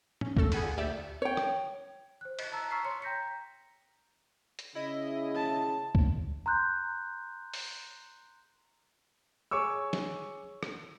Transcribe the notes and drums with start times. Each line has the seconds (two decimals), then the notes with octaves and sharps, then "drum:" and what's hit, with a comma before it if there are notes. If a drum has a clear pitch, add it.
0.21 C#4, drum: tom
0.37 G#1 A3 A4 E6, drum: kick C#2
0.52 G#4 F#5 G#5 B5, drum: cymbal
0.63 A#2
0.77 D2 G4 D5 E5
1.22 C#5 G5
1.37 drum: rim click
2.21 C5 F#6
2.39 D#5 F#6, drum: cymbal
2.52 A5 A#5 E6
2.71 A#5 C#6 E6 F6 B6 C7
2.85 C#5 C6 C#7
3.02 G5 A#5 G6 A#6 B6 C#7
4.59 drum: hi-hat
4.75 C#3 E4 D#5
5.35 A5
5.95 drum: kick C#2
6.46 A#5 C6 F#6 G6
7.54 drum: open hi-hat
9.51 G#4 C#5 C#6 D6 E6
9.93 drum: snare
10.63 drum: rim click